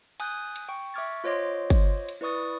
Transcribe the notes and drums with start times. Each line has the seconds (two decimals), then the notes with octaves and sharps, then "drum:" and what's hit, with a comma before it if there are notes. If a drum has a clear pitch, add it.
0.20 G#5 D#6 F#6 G6, drum: cymbal
0.56 drum: cymbal
0.69 G5 C#6
0.94 E5 C#6 D6 F6 G#6 A6
1.24 F4 C5 C#5 D#5 C6 D6
1.70 drum: kick G1, cymbal
2.09 drum: cymbal
2.21 E4 B4 D5 C#6 D#6 A6